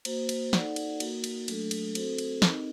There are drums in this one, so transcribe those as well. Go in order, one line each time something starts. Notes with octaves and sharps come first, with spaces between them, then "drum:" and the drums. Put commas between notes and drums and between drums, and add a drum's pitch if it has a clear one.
A#3 F#4 C5, drum: cymbal
drum: cymbal
D#4 A4 D5 F#5, drum: snare
drum: cymbal
A#3 F#4 A#4, drum: cymbal
drum: cymbal
F#3 A3 D4 A4, drum: cymbal
drum: cymbal
C4 F#4 A4 C5, drum: cymbal
drum: cymbal
C4 D#4 G4 A#4 D#5, drum: snare